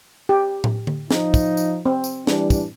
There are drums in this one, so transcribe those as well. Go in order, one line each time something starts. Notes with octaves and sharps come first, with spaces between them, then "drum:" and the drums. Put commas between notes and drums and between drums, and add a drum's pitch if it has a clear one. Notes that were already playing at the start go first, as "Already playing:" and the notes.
G4
drum: tom A2
drum: tom D3
F3 D#4, drum: snare
drum: kick, tambourine
drum: tambourine
C4
drum: tambourine
E3 G3 D4, drum: snare
drum: kick, tambourine